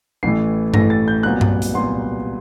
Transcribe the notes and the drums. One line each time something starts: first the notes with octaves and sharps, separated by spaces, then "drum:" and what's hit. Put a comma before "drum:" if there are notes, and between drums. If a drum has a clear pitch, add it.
A1 A2 E3 A3 C7
A1 A2 E3 A3 A#6, drum: tom G2
A6
G6
C2 A#2 F#3 B3 F#6
drum: tom G2
drum: hi-hat
C2 A#2 F#3 B3 C6